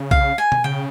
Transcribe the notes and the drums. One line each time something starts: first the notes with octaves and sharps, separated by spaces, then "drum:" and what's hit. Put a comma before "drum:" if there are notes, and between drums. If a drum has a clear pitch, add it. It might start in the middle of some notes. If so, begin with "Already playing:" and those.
Already playing: C#3
F5, drum: kick
G#5
drum: tom B2
C#3 G5